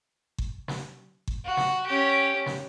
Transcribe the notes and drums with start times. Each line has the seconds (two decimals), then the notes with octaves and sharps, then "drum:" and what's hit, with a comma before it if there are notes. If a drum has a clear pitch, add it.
0.38 drum: kick G1
0.68 drum: snare
1.28 drum: kick G1
1.45 F#4
1.57 drum: snare
1.87 C#4 G4
2.46 drum: snare